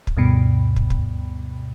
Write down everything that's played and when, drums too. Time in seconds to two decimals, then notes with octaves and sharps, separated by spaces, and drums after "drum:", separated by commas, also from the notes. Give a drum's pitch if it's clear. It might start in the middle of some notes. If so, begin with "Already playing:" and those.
0.07 drum: kick
0.17 D2 G2 B2
0.76 drum: kick
0.90 drum: kick